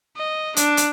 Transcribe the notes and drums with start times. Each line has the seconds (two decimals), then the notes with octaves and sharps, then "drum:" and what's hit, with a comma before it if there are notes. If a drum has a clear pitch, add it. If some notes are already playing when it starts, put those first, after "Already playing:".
0.17 D#5
0.56 D4, drum: hi-hat
0.77 drum: hi-hat